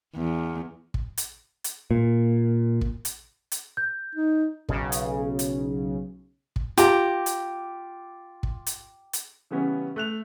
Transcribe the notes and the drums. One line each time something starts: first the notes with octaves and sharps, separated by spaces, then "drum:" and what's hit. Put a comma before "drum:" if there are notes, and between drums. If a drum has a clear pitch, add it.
E2
drum: kick
drum: hi-hat
drum: hi-hat
A#2
drum: kick
drum: hi-hat
drum: hi-hat
G6
D#4
B1 C#3, drum: kick
drum: hi-hat
drum: hi-hat
drum: kick
F4 G4 A#5, drum: hi-hat
drum: hi-hat
drum: kick
drum: hi-hat
drum: hi-hat
C#3 E3 G3 B3 C#4
A3 F#6 F7